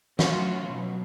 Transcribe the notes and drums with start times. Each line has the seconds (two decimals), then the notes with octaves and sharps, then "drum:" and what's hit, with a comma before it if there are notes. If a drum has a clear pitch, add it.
0.19 F#3 A3 C#4 F4 F#4, drum: snare
0.64 B2 F#3